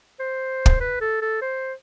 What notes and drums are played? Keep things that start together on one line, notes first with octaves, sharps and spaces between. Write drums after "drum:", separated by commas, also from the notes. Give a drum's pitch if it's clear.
C5
drum: kick
B4
A4
A4
C5